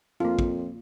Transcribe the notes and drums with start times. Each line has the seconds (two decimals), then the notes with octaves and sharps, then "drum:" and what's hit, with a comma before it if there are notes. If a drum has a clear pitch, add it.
0.20 F2 A#3 F4
0.39 drum: kick